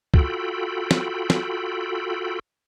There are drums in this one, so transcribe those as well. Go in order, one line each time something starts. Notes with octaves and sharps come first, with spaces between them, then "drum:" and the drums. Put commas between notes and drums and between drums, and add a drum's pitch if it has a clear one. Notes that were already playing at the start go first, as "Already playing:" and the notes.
F4 F#4 A4 G5 B5, drum: kick
drum: snare
drum: snare